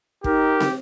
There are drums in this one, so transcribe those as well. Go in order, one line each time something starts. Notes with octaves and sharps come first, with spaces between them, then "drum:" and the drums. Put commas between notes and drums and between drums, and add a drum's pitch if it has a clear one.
D#4 G4 A#4, drum: kick
drum: snare